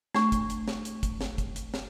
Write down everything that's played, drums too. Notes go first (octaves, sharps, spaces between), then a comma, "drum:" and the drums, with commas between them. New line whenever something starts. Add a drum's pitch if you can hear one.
A3 D4 C#6, drum: snare
drum: kick, hi-hat
drum: hi-hat
drum: snare
drum: hi-hat
drum: kick, hi-hat
drum: snare
drum: kick, hi-hat
drum: hi-hat
drum: snare